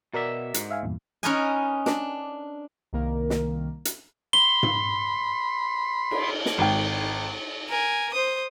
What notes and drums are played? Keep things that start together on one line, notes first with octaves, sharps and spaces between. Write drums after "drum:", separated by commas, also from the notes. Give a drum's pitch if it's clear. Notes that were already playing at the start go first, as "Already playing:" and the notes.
B2 F#4 A#4 D5 E5
G#2, drum: hi-hat
E5 F5 G#5
E2 G2 A#2
C#4 D#4 A#4 B4 D#5 G#5
D4, drum: snare
C2 D#3 A#3 A#4
drum: snare
drum: hi-hat
B5 C6 G7
drum: tom G#2
drum: cymbal
drum: snare
G#1 G5
A#4 G#5
C5 D#6